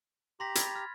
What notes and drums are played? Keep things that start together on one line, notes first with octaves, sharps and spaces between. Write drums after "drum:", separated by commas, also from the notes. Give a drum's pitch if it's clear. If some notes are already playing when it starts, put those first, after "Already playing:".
G4 A#5 C6 A#6 B6
B5 G#6 A6, drum: hi-hat
F6